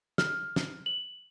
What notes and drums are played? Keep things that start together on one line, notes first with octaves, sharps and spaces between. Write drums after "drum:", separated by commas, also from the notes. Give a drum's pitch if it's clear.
F6, drum: snare
drum: snare
F#7